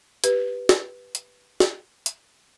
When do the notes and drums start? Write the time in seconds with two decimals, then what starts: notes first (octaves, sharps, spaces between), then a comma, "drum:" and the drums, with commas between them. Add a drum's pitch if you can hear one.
0.24 G4 B4, drum: hi-hat
0.69 drum: snare
1.15 drum: hi-hat
1.60 drum: snare
2.06 drum: hi-hat